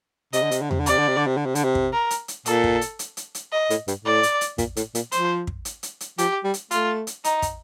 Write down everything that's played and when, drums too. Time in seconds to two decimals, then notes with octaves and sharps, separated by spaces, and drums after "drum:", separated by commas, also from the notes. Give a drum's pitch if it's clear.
0.33 C3 D#5, drum: hi-hat
0.43 D3
0.51 C3, drum: hi-hat
0.62 D3
0.71 C3, drum: tom E2
0.80 D3
0.86 C3 D5, drum: hi-hat
0.99 D3
1.09 C3
1.17 D3
1.27 C3
1.37 D3
1.46 C3
1.55 D3, drum: hi-hat
1.64 C3
1.75 drum: kick
1.93 A#4
2.10 drum: hi-hat
2.28 drum: hi-hat
2.46 A#2 A4, drum: hi-hat
2.64 drum: kick
2.81 drum: hi-hat
2.99 drum: hi-hat
3.17 drum: hi-hat
3.35 drum: hi-hat
3.52 D#5
3.70 A2, drum: hi-hat
3.88 G2, drum: hi-hat
4.05 A2 D5
4.23 drum: hi-hat
4.41 drum: hi-hat
4.58 A#2, drum: kick, hi-hat
4.77 A2, drum: hi-hat
4.95 A#2, drum: hi-hat
5.12 F3 C5, drum: hi-hat
5.47 drum: kick
5.65 drum: hi-hat
5.83 drum: hi-hat
6.00 drum: hi-hat
6.18 F3 G4, drum: hi-hat
6.44 G3
6.54 drum: hi-hat
6.71 A3 F4, drum: hi-hat
7.07 drum: hi-hat
7.24 D#4, drum: hi-hat
7.42 drum: kick, hi-hat